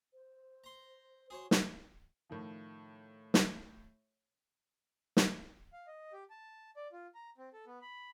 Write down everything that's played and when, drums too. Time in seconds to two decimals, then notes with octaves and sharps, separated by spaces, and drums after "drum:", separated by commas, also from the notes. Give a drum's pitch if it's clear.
0.13 C5
0.64 A#5 C6
1.30 F#4 G#4 C5 C#5
1.51 drum: snare
2.30 A2 D#3 F3
3.34 drum: snare
5.17 drum: snare
5.73 F5
5.87 D#5
6.13 G4
6.30 A5
6.76 D5
6.92 F4
7.15 A#5
7.38 C4
7.53 A4
7.66 B3
7.82 B5